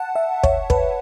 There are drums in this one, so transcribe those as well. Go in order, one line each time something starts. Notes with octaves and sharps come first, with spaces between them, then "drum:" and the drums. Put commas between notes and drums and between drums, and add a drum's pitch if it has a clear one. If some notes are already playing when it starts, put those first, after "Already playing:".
Already playing: F#5 A5
E5
C#5, drum: kick
B4, drum: kick